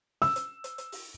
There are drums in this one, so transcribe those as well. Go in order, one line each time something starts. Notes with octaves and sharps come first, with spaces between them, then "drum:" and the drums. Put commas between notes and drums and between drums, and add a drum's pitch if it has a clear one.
E6, drum: snare
drum: hi-hat
drum: hi-hat
drum: hi-hat
drum: open hi-hat